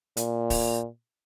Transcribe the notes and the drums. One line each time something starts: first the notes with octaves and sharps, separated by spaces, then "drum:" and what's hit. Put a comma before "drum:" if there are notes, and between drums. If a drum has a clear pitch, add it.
A#2, drum: hi-hat
drum: kick, open hi-hat